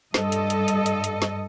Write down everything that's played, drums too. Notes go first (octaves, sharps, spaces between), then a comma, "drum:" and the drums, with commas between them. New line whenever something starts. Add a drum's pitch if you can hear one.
G2 A4 D#5, drum: snare
drum: hi-hat
drum: hi-hat
drum: hi-hat
drum: hi-hat
drum: hi-hat
drum: snare